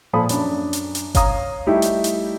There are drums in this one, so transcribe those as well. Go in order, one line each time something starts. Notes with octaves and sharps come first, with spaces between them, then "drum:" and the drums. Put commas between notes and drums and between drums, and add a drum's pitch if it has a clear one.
A#2 F3 A4 B5 D#6
F#2 D4, drum: hi-hat
drum: hi-hat
drum: hi-hat
C#5 F5 A#5 D#6, drum: kick G1, hi-hat
G3 A3 D#4 E4 G4
drum: hi-hat
drum: hi-hat